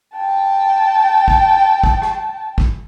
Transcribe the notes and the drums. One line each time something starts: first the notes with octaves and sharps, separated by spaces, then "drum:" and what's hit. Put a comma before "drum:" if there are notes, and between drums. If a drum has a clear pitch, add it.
G5 A5
drum: kick
drum: kick
drum: rim click
drum: kick